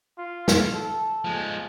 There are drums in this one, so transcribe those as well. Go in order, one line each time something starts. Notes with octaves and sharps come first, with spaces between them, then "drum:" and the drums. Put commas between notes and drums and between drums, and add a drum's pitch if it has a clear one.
F4
drum: snare
A4
F3 G#3